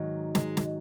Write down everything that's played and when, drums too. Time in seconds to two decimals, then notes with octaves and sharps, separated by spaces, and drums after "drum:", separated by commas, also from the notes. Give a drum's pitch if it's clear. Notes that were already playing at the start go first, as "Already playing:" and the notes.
Already playing: G#2 D#3 F#3
0.35 G#3, drum: snare
0.57 drum: snare